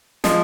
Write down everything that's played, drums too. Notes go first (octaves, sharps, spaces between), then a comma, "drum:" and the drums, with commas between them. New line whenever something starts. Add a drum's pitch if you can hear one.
F3 G#3, drum: snare